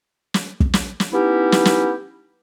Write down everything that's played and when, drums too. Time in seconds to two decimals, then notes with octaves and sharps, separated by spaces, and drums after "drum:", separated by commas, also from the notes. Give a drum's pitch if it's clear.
0.34 drum: snare
0.60 drum: kick
0.74 drum: snare
1.00 drum: snare
1.13 B3 C#4 D#4 E4 G4
1.52 drum: snare
1.65 drum: snare